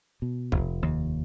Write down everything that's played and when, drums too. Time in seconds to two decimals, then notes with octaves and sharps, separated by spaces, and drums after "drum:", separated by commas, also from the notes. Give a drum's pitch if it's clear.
0.22 B2
0.52 F1, drum: kick
0.82 D#2